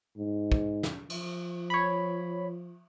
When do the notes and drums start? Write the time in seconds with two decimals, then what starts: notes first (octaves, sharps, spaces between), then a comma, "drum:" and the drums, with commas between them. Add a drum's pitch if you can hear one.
0.16 G#2
0.52 drum: kick
0.83 drum: snare
1.10 F3, drum: cymbal
1.70 C#5 B5